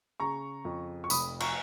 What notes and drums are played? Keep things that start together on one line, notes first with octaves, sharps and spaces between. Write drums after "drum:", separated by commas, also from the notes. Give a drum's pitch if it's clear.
C#3 A#5 C#6
F2
C#6
F1 B5 D#6, drum: tambourine
A#5 C#6, drum: cymbal